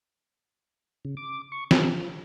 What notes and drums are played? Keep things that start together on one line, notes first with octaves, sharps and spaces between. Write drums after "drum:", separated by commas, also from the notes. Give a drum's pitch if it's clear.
C#3
D6
C#6
F3, drum: snare